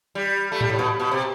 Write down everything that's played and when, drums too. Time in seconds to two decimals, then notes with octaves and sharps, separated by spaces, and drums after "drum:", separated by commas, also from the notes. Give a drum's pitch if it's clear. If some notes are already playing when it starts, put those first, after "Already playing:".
0.15 G3
0.52 A3
0.61 G3, drum: tom G#2
0.69 A2
0.79 B2
1.00 B2
1.11 C3